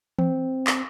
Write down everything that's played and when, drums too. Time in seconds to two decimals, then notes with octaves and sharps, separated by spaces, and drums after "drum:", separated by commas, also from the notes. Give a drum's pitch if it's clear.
0.19 C4, drum: tom E3
0.67 drum: clap